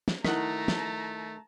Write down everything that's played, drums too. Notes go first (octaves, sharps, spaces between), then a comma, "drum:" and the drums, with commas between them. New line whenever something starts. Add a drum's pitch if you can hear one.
drum: snare
D#3 A3 E4 F#5 A5 A#5 B6, drum: snare
drum: snare